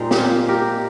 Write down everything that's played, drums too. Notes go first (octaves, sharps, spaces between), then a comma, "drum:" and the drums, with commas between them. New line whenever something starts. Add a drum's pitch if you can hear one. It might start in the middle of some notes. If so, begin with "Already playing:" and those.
Already playing: A#2 G#3 C4 D#4
G4, drum: snare
F4 G#4
G4 A#4